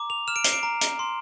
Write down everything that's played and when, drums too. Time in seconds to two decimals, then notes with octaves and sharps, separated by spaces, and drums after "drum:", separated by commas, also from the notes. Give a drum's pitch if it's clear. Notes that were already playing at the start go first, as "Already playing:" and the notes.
Already playing: A#5 D6
0.10 F7
0.28 F6 E7
0.36 D7
0.44 C7, drum: hi-hat
0.53 D7
0.63 A#5
0.81 drum: hi-hat
0.99 C6